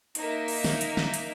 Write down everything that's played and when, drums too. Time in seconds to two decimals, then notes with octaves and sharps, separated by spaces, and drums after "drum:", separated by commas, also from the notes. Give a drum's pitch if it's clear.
0.15 A#3 D#4 A#4 E5, drum: hi-hat
0.48 drum: open hi-hat
0.64 drum: snare
0.81 drum: hi-hat
0.97 drum: snare
1.14 drum: hi-hat